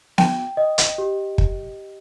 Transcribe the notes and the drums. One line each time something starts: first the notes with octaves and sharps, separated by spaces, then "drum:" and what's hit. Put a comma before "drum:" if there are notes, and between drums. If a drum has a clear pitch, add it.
G5, drum: snare B3
D#5
drum: hi-hat
G4
drum: kick